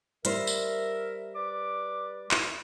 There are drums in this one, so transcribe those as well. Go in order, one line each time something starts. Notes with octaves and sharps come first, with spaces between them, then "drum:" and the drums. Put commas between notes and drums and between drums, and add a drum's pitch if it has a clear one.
G3 A#4 C5 E5, drum: hi-hat
drum: tambourine
B4 D5 D6
drum: clap